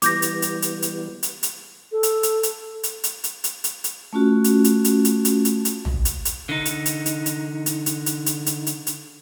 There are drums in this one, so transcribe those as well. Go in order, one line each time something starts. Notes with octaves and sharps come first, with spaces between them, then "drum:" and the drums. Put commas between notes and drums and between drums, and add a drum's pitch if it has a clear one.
E3 G3 B3 D6 G6 A#6, drum: hi-hat
drum: hi-hat
drum: hi-hat
drum: hi-hat
drum: hi-hat
drum: hi-hat
drum: hi-hat
A4
drum: hi-hat
drum: hi-hat
drum: hi-hat
drum: hi-hat
drum: hi-hat
drum: hi-hat
drum: hi-hat
drum: hi-hat
drum: hi-hat
A3 C#4 F4 F#4
drum: hi-hat
drum: hi-hat
drum: hi-hat
drum: hi-hat
drum: hi-hat
drum: hi-hat
drum: hi-hat
drum: tom A#1
drum: hi-hat
drum: hi-hat
D3 D#4
drum: hi-hat
drum: hi-hat
drum: hi-hat
drum: hi-hat
drum: hi-hat
drum: hi-hat
drum: hi-hat
drum: hi-hat
drum: hi-hat
drum: hi-hat
drum: hi-hat